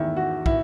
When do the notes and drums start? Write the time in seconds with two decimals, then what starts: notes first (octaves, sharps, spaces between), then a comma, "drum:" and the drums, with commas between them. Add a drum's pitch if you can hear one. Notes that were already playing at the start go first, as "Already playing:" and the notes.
Already playing: E2 D#3 E4
0.17 F#4
0.46 E4, drum: kick